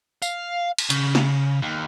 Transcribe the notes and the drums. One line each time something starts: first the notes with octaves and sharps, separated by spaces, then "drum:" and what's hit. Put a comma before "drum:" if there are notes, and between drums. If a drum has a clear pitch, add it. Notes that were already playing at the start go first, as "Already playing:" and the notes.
F5, drum: tambourine
drum: cymbal
C#3, drum: hi-hat
drum: snare
D#2